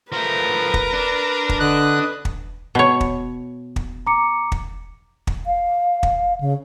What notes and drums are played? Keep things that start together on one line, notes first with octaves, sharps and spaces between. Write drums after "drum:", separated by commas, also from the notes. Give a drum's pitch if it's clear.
F3 A3 A#4 B4
drum: kick
D4
drum: kick
D3 D#5 F#6
drum: kick
B2 C#5
drum: kick
drum: kick
A#5 D6 C#7
drum: kick
drum: kick
F5
drum: kick
C#3